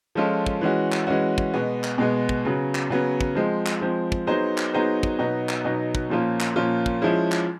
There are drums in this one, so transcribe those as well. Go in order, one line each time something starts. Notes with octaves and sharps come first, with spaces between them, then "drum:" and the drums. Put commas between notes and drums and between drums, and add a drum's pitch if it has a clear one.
F3 G#3 C#4 F4 A4
drum: kick
E3 G#3 C#4 F#4
drum: clap
E3 G#3 C#4 F#4
drum: kick
B2 G#3 B3
drum: clap
B2 G#3 B3
drum: kick
C#3 F#3 B3
drum: clap
C#3 F#3 B3
drum: kick
F3 G#3 C4
drum: clap
F3 G#3 C4
drum: kick
F#3 B3 D#4 G#4 C5
drum: clap
F#3 B3 D#4 G#4 C5
drum: kick
B2 F#3 B3 D#4
drum: clap
B2 F#3 B3 D#4
drum: kick
A#2 F3 A#3 C#4 F4
drum: clap
A#2 F3 A#3 C#4 F4
drum: kick
F3 G#3 C#4 E4 G#4
drum: clap